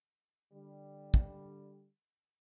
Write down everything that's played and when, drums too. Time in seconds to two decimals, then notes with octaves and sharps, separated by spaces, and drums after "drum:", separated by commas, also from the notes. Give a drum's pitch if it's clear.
0.52 D3 G3
1.14 drum: kick